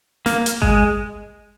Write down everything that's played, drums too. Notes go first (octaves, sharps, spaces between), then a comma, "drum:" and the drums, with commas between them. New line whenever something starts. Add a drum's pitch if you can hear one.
A#3, drum: snare
drum: hi-hat
G#3, drum: kick G#1